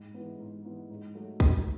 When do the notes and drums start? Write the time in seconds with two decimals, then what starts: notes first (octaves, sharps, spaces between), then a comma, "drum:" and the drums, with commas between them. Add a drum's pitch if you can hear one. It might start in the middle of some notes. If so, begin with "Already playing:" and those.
Already playing: G#2
0.14 E3 B3
0.39 G#2
0.65 E3 B3
0.90 G#2
1.15 F#3 A3
1.40 G#2, drum: kick